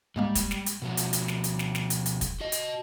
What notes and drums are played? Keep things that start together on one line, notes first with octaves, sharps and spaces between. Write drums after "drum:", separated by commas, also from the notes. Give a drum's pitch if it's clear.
G#2 G3 G#3 A#3
drum: kick, hi-hat
drum: snare
drum: hi-hat
B2 F3 F#4
drum: hi-hat
drum: hi-hat
drum: snare
drum: hi-hat
drum: snare
drum: snare
drum: hi-hat
drum: hi-hat
drum: kick, hi-hat
F#4 D#5
drum: hi-hat